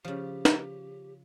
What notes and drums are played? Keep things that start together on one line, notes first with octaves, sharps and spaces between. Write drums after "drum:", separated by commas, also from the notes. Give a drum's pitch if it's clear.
C#3 F3 G4
drum: snare